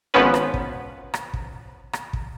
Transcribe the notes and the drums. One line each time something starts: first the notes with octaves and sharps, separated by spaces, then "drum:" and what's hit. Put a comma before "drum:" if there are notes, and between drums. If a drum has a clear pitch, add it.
G#1 F3 B3 C#4 B4
drum: rim click
drum: kick
drum: rim click
drum: kick
drum: rim click
drum: kick